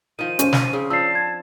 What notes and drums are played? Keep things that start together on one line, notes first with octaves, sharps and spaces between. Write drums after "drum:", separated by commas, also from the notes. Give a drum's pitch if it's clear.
D#3 F3 D#7
C#4 C5, drum: hi-hat
drum: snare
C#3 C4
F3 D4 A5 E6 C7
G#6